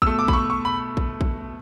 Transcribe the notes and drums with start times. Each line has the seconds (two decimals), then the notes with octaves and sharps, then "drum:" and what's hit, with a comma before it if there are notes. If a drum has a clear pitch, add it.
0.02 B2 A3 E6, drum: kick A#1
0.19 D6
0.28 B5, drum: kick A#1
0.33 C#6
0.50 C#6
0.65 B5
0.97 drum: kick A#1
1.21 drum: kick A#1